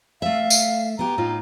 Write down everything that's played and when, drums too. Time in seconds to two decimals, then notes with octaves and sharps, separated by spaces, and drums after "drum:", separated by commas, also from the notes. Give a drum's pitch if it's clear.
0.22 A3 E5 F5
0.50 drum: tambourine
0.99 B3 G4 A#5
1.18 A2 D#4 F4